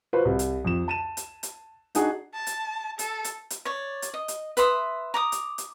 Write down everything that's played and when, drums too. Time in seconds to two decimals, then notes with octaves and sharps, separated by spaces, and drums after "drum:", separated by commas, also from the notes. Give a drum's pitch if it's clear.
0.13 F4 F#4 B4 C5
0.25 C2
0.39 drum: hi-hat
0.65 F2 E7
0.88 A5 D#7 E7
1.17 drum: hi-hat
1.43 drum: hi-hat
1.95 D4 D#4 F#4 G#4 F#5, drum: hi-hat
2.34 A5
2.47 drum: hi-hat
2.99 A4, drum: hi-hat
3.24 drum: hi-hat
3.50 drum: hi-hat
3.65 C#5 D5
4.02 drum: hi-hat
4.14 D#5
4.28 drum: hi-hat
4.57 B4 E5 C6 D#6, drum: hi-hat
5.14 A#5 D6 D#6
5.32 drum: hi-hat
5.58 drum: hi-hat